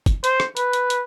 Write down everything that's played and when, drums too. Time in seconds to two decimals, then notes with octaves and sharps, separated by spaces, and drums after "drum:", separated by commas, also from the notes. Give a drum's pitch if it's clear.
0.06 drum: kick, hi-hat
0.24 C5, drum: hi-hat
0.40 drum: rim click
0.57 B4, drum: hi-hat
0.73 drum: hi-hat
0.90 drum: hi-hat